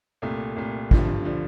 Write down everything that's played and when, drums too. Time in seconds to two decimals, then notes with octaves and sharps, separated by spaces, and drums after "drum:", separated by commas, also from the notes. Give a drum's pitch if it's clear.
0.22 C2 A#2 A3
0.56 C2 A#2 A3
0.91 G2 D3 F3, drum: kick
1.25 D3 F3